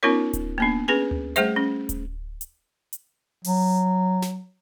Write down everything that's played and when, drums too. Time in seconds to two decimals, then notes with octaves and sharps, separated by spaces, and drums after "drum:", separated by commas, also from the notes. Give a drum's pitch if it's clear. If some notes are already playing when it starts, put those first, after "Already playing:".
0.03 B3 C#4 D#4 F4 A#4 C#5
0.33 drum: kick D1, hi-hat
0.58 A#3 B3 D4
0.88 C#4 G#4 B4 G#5
1.11 drum: tom D2
1.36 G3 A3 G#4 C5 E5, drum: hi-hat
1.56 C#4
1.89 drum: kick D1, hi-hat
2.41 drum: hi-hat
2.93 drum: hi-hat
3.44 F#3, drum: open hi-hat
4.22 drum: snare